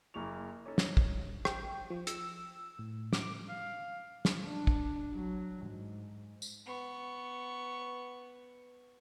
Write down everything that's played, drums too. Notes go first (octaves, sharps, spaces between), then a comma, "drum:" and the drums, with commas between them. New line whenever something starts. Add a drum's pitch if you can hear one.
F#1 A#3 E4 C#6 F7
C#4 D#4 A4
drum: snare
drum: kick
G5, drum: rim click
F3
E6, drum: hi-hat
A2
D6, drum: snare
F5
drum: snare
D4
drum: kick
F#3
G#2
drum: tambourine
B3 C#6